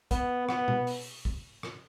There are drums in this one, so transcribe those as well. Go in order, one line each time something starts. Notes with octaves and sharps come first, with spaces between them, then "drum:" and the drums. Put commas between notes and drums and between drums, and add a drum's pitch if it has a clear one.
B3, drum: kick, hi-hat
B3, drum: rim click
drum: tom B2
drum: open hi-hat
drum: kick
drum: rim click